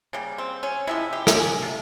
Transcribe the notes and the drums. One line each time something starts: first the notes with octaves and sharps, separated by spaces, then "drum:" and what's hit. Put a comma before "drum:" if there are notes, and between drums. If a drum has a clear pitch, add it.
C#3 G3 A#3
C4
C#4
C3 F3 G#3 E4
G4
drum: rim click
G#4
C3 F3